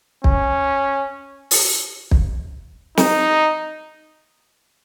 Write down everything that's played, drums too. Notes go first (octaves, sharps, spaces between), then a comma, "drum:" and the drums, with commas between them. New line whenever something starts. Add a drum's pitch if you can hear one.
C#4, drum: kick
drum: open hi-hat
drum: kick
D#4, drum: snare